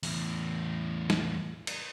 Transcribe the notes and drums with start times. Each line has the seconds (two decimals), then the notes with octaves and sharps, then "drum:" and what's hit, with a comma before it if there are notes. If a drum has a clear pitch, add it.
0.03 E2 A2, drum: open hi-hat
1.10 drum: snare
1.67 drum: cymbal